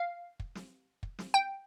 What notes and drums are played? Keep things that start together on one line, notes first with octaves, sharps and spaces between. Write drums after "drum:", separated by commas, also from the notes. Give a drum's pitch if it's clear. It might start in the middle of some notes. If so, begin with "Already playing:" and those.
Already playing: F5
drum: kick
drum: snare
drum: kick
drum: snare
G5